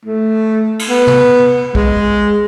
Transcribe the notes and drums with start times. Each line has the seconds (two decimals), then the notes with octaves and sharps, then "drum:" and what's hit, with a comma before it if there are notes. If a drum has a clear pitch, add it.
0.05 A3
0.79 drum: cymbal
0.89 B3
1.07 drum: tom
1.75 G#3, drum: kick